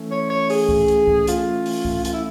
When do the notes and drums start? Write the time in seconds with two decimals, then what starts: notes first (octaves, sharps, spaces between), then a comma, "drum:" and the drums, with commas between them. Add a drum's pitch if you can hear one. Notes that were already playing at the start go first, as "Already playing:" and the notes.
Already playing: E3 A3 C#4
0.11 C#5
0.30 C#5
0.50 G#4, drum: open hi-hat
0.69 drum: kick C2
0.88 drum: hi-hat
1.08 drum: kick C2
1.27 F4, drum: hi-hat
1.66 drum: open hi-hat
1.85 drum: kick C2
2.05 F4, drum: hi-hat
2.13 E4